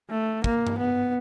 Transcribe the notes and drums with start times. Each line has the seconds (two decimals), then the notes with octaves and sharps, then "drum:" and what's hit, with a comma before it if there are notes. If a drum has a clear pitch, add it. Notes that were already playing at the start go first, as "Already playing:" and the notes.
0.10 A3
0.44 A#3, drum: kick
0.67 drum: tom G2
0.78 B3